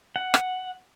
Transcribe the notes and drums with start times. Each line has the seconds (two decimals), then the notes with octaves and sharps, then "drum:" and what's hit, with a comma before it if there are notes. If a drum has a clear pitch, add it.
0.16 F#5
0.34 drum: rim click